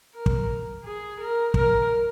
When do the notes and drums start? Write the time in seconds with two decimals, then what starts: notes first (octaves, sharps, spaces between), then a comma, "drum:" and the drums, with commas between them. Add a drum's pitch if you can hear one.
0.15 A#4
0.26 drum: kick
0.84 G#4
1.19 A#4
1.54 A#4, drum: kick